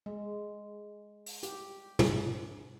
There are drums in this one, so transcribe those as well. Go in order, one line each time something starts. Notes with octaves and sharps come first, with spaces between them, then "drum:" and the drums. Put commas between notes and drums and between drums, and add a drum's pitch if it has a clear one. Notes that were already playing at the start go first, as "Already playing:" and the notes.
G#3
drum: open hi-hat
G4, drum: hi-hat
drum: tom